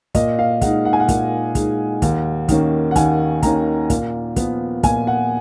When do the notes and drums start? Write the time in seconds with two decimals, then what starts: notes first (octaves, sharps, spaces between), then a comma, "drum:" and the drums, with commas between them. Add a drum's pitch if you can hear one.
0.15 A#2 D#5, drum: kick, hi-hat
0.39 F5
0.61 G#3 D#4 F#5, drum: kick, hi-hat
0.85 F#5
0.93 G#5
1.00 F#5
1.08 A#2, drum: kick, hi-hat
1.55 G#3 D#4, drum: kick, hi-hat
2.02 D#2, drum: kick, hi-hat
2.49 D#3 A#3 C#4, drum: kick, hi-hat
2.91 F#5
2.96 D#2 G#5, drum: kick, hi-hat
3.43 D#3 A#3 C#4 A#5, drum: kick, hi-hat
3.90 A#2, drum: kick, hi-hat
4.36 F3 B3, drum: kick, hi-hat
4.83 A#2 G#5, drum: kick, hi-hat
5.07 F#5